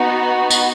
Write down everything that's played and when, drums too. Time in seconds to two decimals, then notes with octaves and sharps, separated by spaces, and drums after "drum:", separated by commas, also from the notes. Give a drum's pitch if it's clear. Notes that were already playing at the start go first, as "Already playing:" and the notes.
Already playing: B3 D#4 F#4
0.51 drum: tambourine